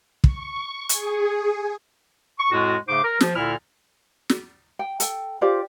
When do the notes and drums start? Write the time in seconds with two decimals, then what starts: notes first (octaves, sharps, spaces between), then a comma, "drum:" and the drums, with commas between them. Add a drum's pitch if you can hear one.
0.24 C#6, drum: kick
0.89 G#4, drum: hi-hat
2.39 C#6
2.52 F2 A2 G#3 F#4
2.88 G#2 C#3 A3 C5 D6
3.03 A#4
3.21 F3, drum: snare
3.36 D2 A#2 D3 E4 F6
4.29 drum: snare
4.79 G5
5.00 A4 G5, drum: hi-hat
5.41 F4 G4 C5 D5